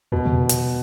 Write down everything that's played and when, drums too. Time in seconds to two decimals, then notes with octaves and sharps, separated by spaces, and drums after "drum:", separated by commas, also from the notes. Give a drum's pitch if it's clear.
0.12 E2 B2
0.25 C3
0.49 drum: hi-hat